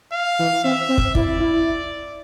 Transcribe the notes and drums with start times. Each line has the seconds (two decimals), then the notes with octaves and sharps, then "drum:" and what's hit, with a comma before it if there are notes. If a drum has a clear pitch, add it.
0.13 F5
0.39 E3
0.64 C4 E5
0.89 C4
0.98 drum: kick
1.15 E4 D5, drum: kick
1.40 E4